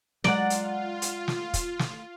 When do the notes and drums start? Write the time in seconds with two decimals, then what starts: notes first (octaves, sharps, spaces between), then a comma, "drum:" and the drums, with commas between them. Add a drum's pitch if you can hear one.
0.24 F#3 G#3 F4 D5 F#5 A#5, drum: snare
0.50 drum: hi-hat
1.02 drum: hi-hat
1.28 drum: snare
1.54 drum: kick, hi-hat
1.79 drum: snare